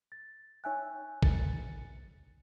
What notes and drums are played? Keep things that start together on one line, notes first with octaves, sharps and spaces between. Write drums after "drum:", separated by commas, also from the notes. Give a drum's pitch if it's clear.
A6
D#4 C#5 E5 G5 G#5 F#6
D#3 A6 C#7, drum: kick G#1